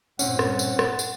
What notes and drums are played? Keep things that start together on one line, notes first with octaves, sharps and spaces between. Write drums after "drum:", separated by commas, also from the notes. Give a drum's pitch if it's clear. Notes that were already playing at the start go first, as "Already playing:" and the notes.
G2 A#2 C4 C#4 F#5, drum: tambourine
drum: rim click
drum: tambourine
drum: rim click
drum: tambourine